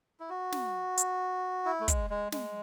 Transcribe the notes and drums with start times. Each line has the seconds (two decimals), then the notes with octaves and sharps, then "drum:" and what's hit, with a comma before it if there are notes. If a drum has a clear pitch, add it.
0.20 E4
0.29 F#4
0.52 drum: snare
0.97 drum: hi-hat
1.65 E4
1.80 A3
1.88 G#3, drum: kick, hi-hat
2.10 G#3
2.32 G#3, drum: snare